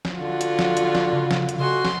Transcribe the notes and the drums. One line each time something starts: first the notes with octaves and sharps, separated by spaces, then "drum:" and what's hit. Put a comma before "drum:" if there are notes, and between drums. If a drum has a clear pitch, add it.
drum: snare
D3 F4 F#4
drum: hi-hat
drum: snare
drum: hi-hat
drum: snare
C#3
drum: snare
drum: hi-hat
F#4 A4 D#5 G#5 C6
drum: snare